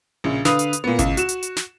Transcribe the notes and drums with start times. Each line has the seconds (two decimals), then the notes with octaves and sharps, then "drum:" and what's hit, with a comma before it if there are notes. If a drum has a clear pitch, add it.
0.24 A#1 C#3
0.45 D3 B4 F5 D#6 F7, drum: snare
0.59 drum: hi-hat
0.73 drum: hi-hat
0.84 A#2 B3
0.99 C#2, drum: kick G#1, hi-hat
1.17 F#4 E7, drum: hi-hat
1.29 drum: hi-hat
1.43 drum: hi-hat
1.56 drum: snare